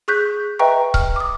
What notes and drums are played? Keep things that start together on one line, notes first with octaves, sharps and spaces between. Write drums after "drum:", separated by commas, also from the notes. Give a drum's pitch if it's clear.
G#4 C#6 F#6 G6 B6
B4 D#5 E5 G5 A#5 C#6
F6, drum: kick C#1
D6 D#6